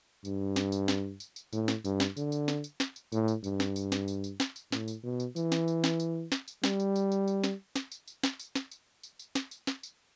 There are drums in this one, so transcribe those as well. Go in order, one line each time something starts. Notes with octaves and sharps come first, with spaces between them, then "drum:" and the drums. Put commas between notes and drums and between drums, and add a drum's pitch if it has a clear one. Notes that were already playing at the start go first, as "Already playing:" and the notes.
G2, drum: tambourine
drum: snare
drum: tambourine
drum: snare
drum: tambourine
drum: tambourine
A2, drum: tambourine
drum: snare
G2, drum: tambourine
drum: snare
D3, drum: tambourine
drum: tambourine
drum: snare
drum: tambourine
drum: snare
drum: tambourine
A2, drum: tambourine
drum: tambourine
G2, drum: tambourine
drum: snare
drum: tambourine
drum: snare
drum: tambourine
drum: tambourine
drum: snare
drum: tambourine
A2, drum: snare
drum: tambourine
B2
drum: tambourine
E3, drum: tambourine
drum: snare
drum: tambourine
drum: snare
drum: tambourine
drum: snare
drum: tambourine
G3, drum: snare
drum: tambourine
drum: tambourine
drum: tambourine
drum: tambourine
drum: snare
drum: snare
drum: tambourine
drum: tambourine
drum: snare
drum: tambourine
drum: snare
drum: tambourine
drum: tambourine
drum: tambourine
drum: snare
drum: tambourine
drum: snare
drum: tambourine